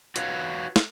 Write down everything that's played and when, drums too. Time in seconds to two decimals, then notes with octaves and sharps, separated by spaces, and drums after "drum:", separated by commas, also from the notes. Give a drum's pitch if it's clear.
0.16 F#4 B4 C#5 F5, drum: hi-hat
0.76 drum: snare